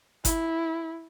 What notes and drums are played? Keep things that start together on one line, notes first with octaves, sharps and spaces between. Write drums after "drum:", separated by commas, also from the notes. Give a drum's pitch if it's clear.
E4, drum: kick G1, hi-hat